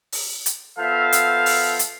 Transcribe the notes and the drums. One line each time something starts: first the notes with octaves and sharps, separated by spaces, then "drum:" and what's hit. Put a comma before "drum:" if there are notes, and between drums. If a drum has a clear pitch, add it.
drum: open hi-hat
drum: hi-hat
F3 B3 A4 E5 F5
drum: hi-hat
drum: open hi-hat
drum: hi-hat